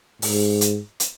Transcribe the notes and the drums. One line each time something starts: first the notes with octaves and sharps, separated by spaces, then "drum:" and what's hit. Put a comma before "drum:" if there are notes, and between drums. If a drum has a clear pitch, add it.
G#2, drum: open hi-hat
drum: hi-hat
drum: hi-hat